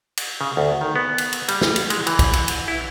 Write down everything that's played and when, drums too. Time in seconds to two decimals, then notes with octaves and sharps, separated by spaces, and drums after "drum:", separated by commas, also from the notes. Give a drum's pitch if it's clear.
0.17 drum: cymbal
0.41 C#3
0.57 D2
0.81 D#3
0.96 B3
1.18 drum: cymbal
1.33 drum: cymbal
1.48 G3, drum: cymbal
1.61 drum: snare
1.76 drum: cymbal
1.90 G#3, drum: cymbal
2.07 E3, drum: cymbal
2.19 drum: kick B1, cymbal
2.33 drum: cymbal
2.48 drum: cymbal
2.68 E4